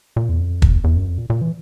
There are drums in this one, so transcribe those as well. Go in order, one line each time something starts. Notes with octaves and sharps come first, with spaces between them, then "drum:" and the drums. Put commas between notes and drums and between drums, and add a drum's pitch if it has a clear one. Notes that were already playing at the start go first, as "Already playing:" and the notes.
A#2
E2
F2
E2, drum: kick
E2
F#2
F2
A#2
A#2
E3